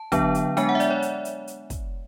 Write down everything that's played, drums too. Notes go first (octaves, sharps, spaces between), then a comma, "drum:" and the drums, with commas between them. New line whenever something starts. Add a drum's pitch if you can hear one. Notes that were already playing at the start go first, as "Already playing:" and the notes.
Already playing: A5
D3 F#3 B3 D4, drum: kick, hi-hat
drum: hi-hat
G#3 B3 D4 G#5, drum: hi-hat
F#5
E5
D5, drum: hi-hat
C#5
drum: hi-hat
drum: hi-hat
drum: hi-hat
drum: kick, hi-hat